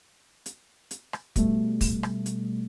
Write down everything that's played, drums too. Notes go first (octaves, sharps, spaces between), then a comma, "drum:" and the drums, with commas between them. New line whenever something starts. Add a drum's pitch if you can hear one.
drum: hi-hat
drum: hi-hat
drum: rim click
B2 G3 A3, drum: kick, hi-hat
drum: kick, open hi-hat
drum: rim click
drum: hi-hat